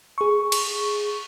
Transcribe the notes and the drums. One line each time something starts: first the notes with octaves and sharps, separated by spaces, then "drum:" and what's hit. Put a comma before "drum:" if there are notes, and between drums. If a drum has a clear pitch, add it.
G#4 C#6
drum: cymbal